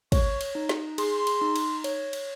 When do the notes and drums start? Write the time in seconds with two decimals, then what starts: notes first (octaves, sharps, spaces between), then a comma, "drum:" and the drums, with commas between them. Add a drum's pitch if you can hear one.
0.12 C#5 C#6, drum: kick, cymbal
0.41 drum: cymbal
0.55 D#4
0.69 drum: snare
0.98 G#4 C6, drum: cymbal
1.27 drum: cymbal
1.41 D#4
1.56 drum: cymbal
1.84 C#5, drum: cymbal
2.13 drum: cymbal